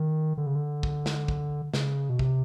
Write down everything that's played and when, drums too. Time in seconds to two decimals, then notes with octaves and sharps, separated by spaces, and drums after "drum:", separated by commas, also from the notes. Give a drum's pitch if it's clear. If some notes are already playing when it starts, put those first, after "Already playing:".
Already playing: D#3
0.37 D3
0.46 C#3
0.55 D3
0.83 drum: kick
1.06 drum: snare
1.28 drum: kick
1.74 C#3, drum: snare
2.09 B2
2.19 C3, drum: kick